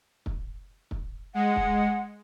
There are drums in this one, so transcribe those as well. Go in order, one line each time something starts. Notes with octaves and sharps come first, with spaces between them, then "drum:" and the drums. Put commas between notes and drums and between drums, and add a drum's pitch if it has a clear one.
drum: kick
drum: kick
G#3 F#5
drum: kick